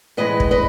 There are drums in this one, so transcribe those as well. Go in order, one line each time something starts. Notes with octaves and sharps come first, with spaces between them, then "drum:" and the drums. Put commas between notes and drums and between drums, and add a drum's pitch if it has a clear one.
A2 E3 G#3 B4 D#5
drum: kick
B4 D#5